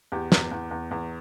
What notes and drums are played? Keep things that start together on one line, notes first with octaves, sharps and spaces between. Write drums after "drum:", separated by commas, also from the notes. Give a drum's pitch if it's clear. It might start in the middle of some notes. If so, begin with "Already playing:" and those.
E2 G4
E2, drum: snare
E2
E2
E2